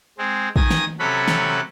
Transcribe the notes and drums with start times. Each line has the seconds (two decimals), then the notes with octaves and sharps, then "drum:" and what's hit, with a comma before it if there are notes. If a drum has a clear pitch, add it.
0.18 G#3 C4
0.56 D#3 G#5 D#6 A#6, drum: kick
0.71 drum: snare
0.99 C3 F#3 C#4 A4 F#5 B5
1.28 drum: snare